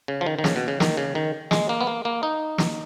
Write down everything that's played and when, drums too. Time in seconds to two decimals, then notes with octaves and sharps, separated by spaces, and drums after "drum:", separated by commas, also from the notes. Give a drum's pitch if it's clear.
0.08 C#3
0.21 F3
0.26 D#3
0.39 D#3
0.44 C#3, drum: snare
0.56 B2
0.68 C#3
0.80 D#3, drum: snare
0.97 C#3
1.15 D#3
1.51 G#3, drum: snare
1.69 A#3
1.81 B3
1.87 A#3
2.05 A#3
2.23 D#4
2.58 drum: snare